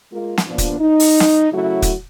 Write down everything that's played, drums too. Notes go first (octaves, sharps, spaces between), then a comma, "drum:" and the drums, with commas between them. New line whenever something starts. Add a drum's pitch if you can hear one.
G#3 A#3 F4
drum: snare
G2 A#2 F3 B3 D4
drum: kick, hi-hat
D#4
drum: open hi-hat
drum: snare
C#3 F#3 A3 E4 F#4
drum: kick, hi-hat